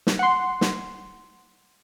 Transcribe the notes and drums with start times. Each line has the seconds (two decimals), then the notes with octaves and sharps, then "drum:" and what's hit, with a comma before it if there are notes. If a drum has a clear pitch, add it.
0.07 drum: snare
0.19 F#5 C6
0.61 drum: snare